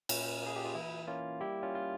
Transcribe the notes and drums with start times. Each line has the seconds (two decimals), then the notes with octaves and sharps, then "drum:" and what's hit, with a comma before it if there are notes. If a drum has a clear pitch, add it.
0.09 A#2 C#4, drum: cymbal
0.42 A#3 G#4
0.56 G4
0.65 F4
0.75 E3 E4
1.08 A#3 C#4 F4
1.41 G3 E4 G4
1.63 C#4 F4
1.75 F4